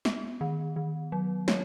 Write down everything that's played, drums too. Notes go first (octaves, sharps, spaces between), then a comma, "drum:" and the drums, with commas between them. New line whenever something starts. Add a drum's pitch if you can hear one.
B3, drum: snare
D#3
D#3
F#3
C#5, drum: snare